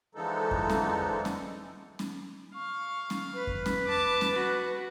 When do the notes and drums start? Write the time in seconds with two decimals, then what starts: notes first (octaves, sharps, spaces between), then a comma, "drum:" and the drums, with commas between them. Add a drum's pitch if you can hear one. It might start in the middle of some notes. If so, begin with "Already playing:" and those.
0.15 D3 E3 F3 G#3 D#4 A4
0.51 drum: kick F2
0.70 drum: snare C#4
1.25 drum: snare C#4
1.99 drum: snare C#4
2.55 F5 C#6
3.10 drum: snare C#4
3.34 B4
3.47 drum: kick F2
3.66 drum: snare C#4
3.85 A5 D6
4.21 drum: snare C#4
4.35 F#4